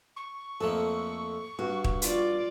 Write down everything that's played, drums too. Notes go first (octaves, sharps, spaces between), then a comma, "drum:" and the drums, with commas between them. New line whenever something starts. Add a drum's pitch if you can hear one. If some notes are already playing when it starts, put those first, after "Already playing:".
C#6
F2 A3 A#3 A4
G2 F#4
drum: kick
F4 D5, drum: hi-hat